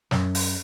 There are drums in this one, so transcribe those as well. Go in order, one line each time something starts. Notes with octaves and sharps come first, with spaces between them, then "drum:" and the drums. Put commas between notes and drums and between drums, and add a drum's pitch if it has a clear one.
F#2, drum: snare
drum: open hi-hat